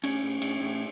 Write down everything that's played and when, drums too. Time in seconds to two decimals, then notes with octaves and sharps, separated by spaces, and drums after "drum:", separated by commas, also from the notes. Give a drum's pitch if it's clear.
0.04 A2 C#4, drum: cymbal
0.23 A2
0.42 A2, drum: cymbal
0.61 A2